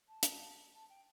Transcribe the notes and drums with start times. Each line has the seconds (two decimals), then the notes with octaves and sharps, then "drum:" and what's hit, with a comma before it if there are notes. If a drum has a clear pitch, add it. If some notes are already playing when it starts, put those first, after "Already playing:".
0.08 A5
0.23 drum: hi-hat
0.74 A5
0.90 G5